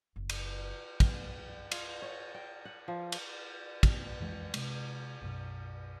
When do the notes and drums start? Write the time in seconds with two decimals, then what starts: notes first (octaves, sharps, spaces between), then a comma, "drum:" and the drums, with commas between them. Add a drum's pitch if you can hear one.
0.16 F#1
0.30 drum: cymbal
1.00 drum: kick, cymbal
1.72 F4, drum: cymbal
2.02 C#5
2.35 G5
2.65 F#5
2.88 F3
3.12 drum: cymbal
3.83 drum: kick, cymbal
4.20 F2 E3 G#3
4.54 C3 G#3, drum: cymbal
5.21 B1 F#2 B2